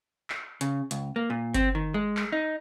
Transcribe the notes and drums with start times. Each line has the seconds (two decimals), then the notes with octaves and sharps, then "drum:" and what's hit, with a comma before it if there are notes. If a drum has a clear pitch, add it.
0.30 drum: clap
0.61 C#3, drum: hi-hat
0.91 C#2, drum: hi-hat
1.16 A#3
1.30 A#2
1.54 C4, drum: kick G1, hi-hat
1.75 D#3
1.94 G#3
2.17 drum: clap
2.32 D#4